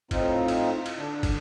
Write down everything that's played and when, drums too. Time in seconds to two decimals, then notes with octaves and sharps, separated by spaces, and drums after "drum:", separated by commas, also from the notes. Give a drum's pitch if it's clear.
0.11 A2 C4 D#4 F4, drum: kick, cymbal
0.48 drum: cymbal
0.86 drum: cymbal
0.97 D3 D4
1.23 drum: kick, cymbal